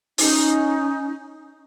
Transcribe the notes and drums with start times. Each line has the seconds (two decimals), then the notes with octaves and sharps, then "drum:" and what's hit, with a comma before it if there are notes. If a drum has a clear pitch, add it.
0.18 C#4 D#4, drum: open hi-hat